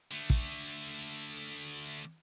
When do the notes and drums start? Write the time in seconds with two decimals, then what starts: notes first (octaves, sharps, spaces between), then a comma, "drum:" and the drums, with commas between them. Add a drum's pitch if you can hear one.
0.11 D3 A3
0.30 drum: kick